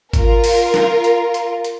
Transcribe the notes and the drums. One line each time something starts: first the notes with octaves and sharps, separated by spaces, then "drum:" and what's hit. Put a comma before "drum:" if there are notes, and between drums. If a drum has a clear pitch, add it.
F4 A#4, drum: kick G#1, hi-hat
drum: open hi-hat
drum: snare
drum: hi-hat
drum: hi-hat
drum: hi-hat